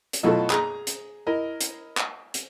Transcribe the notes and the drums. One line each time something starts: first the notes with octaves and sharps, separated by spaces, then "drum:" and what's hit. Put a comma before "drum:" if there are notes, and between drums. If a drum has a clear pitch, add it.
drum: hi-hat
B2 F#3 A3 E4 F4 A4
G#4 A#5, drum: clap
drum: hi-hat
E4 A#4 D#5
drum: hi-hat
drum: clap
drum: hi-hat